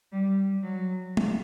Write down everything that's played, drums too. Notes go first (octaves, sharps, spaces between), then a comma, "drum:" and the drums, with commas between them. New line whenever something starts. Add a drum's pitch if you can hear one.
G3
F#3
drum: tom